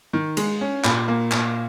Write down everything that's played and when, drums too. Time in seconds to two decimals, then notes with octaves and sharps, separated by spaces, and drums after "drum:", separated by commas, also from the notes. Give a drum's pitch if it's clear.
0.13 D#3
0.37 G#3, drum: cymbal
0.61 C#4
0.84 A#2, drum: clap
1.08 A#3
1.32 A#2, drum: clap